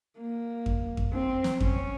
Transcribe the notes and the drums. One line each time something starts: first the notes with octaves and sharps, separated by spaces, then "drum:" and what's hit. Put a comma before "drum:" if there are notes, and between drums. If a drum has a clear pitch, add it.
A#3
drum: kick F2
drum: kick F2
C4
drum: snare
C#4, drum: kick F2